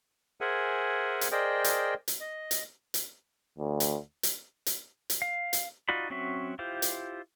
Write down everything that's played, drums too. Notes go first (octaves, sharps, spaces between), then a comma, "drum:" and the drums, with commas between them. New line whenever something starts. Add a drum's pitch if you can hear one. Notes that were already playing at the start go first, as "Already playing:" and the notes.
G#4 A#4 C5 E5 F#5 G#5
drum: hi-hat
G#4 A#4 C5 D5 D#5 G5
drum: hi-hat
drum: hi-hat
D#5
drum: hi-hat
drum: hi-hat
D2
drum: hi-hat
drum: hi-hat
drum: hi-hat
drum: hi-hat
F5
drum: hi-hat
D#4 F4 F#4 D5 B5
F#3 C4 C#4 F#4 E5
E4 F4 G4 C5
drum: hi-hat